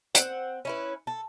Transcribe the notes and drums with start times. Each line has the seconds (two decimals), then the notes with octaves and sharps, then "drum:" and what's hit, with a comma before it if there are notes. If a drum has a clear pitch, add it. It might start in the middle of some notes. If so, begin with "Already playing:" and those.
0.15 C4 F#5, drum: hi-hat
0.65 C#4 E4 B4
1.07 A4